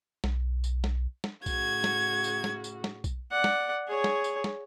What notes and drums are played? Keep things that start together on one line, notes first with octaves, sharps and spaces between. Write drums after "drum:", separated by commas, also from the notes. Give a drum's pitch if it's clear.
B1, drum: snare
drum: tambourine
drum: snare
drum: snare
A2 C#3 F#4 G#6, drum: kick B1, tambourine
drum: snare
drum: tambourine
drum: snare
drum: tambourine
drum: snare
drum: kick B1, tambourine
D5 F#5
drum: snare
G#4 C#5
drum: snare
drum: tambourine
drum: snare